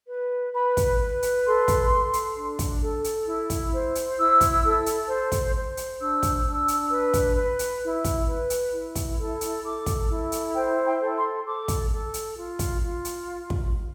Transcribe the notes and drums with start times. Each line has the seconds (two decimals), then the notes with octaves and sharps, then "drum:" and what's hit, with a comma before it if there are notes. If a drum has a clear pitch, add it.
0.09 B4
0.54 B4 B5
0.77 drum: kick, hi-hat
1.00 B4
1.22 drum: hi-hat
1.45 A4 C6
1.68 drum: kick, hi-hat
1.91 A4
2.13 drum: hi-hat
2.36 D4
2.59 drum: kick, hi-hat
2.82 A4
3.04 drum: hi-hat
3.26 E4
3.50 drum: kick, hi-hat
3.72 C5
3.95 drum: hi-hat
4.18 E4 E6
4.41 drum: kick, hi-hat
4.64 A4
4.86 drum: hi-hat
5.08 C5
5.32 drum: kick, hi-hat
5.55 C5
5.77 drum: hi-hat
6.00 D4 E6
6.23 drum: kick, hi-hat
6.45 D4
6.68 drum: hi-hat
6.91 B4
7.14 drum: kick, hi-hat
7.36 B4
7.59 drum: hi-hat
7.82 E4
8.05 drum: kick, hi-hat
8.27 B4
8.50 drum: hi-hat
8.72 E4
8.95 drum: kick, hi-hat
9.18 A4
9.41 drum: hi-hat
9.63 A4 D6
9.86 drum: kick, hi-hat
10.09 E4
10.32 drum: hi-hat
10.54 C5 G5
10.84 G5
11.00 A4
11.15 C6
11.46 A4 D6
11.68 drum: kick, hi-hat
11.91 A4
12.14 drum: hi-hat
12.37 F4
12.59 drum: kick, hi-hat
12.82 F4
13.05 drum: hi-hat
13.50 drum: kick